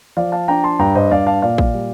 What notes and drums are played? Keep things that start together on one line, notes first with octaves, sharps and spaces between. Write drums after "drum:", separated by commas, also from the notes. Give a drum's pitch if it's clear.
F3 D5 F5
F5 A5
D4 G5 A#5
A5 C6
G2 G5 A#5
C5 D#5, drum: tom G2
G2 D5 F5
F5 A5
A#2 D5 F5
drum: kick
G3